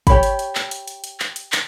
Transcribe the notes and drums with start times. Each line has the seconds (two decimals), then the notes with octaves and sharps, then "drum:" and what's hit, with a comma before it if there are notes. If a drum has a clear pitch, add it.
0.07 G4 C#5 B5, drum: kick, hi-hat
0.23 drum: hi-hat
0.39 drum: hi-hat
0.55 drum: clap
0.71 drum: hi-hat
0.88 drum: hi-hat
1.04 drum: hi-hat
1.20 drum: clap
1.36 drum: hi-hat
1.52 drum: clap